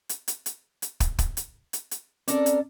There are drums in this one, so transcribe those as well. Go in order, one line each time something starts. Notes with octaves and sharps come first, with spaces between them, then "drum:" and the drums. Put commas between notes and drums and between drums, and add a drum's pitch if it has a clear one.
drum: hi-hat
drum: hi-hat
drum: hi-hat
drum: hi-hat
drum: kick, hi-hat
drum: kick, hi-hat
drum: hi-hat
drum: hi-hat
drum: hi-hat
C4 C#4 A4 A#4 D5, drum: hi-hat
drum: hi-hat